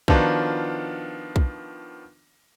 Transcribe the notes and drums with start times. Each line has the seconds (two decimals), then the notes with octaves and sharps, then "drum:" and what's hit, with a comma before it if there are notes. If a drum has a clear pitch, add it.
0.08 D#3 F3 B3 D4 F4 F#4, drum: kick
1.36 drum: kick